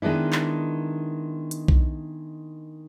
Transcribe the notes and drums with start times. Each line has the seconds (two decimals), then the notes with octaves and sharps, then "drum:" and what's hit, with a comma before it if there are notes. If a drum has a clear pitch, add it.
0.02 D#3 G#3 B3 D4 E4
0.33 drum: clap
1.51 drum: hi-hat
1.68 drum: kick B1